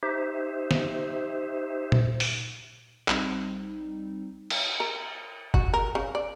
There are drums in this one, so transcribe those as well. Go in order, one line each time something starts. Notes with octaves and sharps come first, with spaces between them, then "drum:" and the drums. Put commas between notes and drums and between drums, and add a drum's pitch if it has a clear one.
D#4 G4 C5 E5
drum: snare
drum: tom A#2
drum: open hi-hat
A#1 G3 C4 D#4, drum: clap
drum: cymbal
A#4
F#4, drum: kick F1
A#4
C#3
D5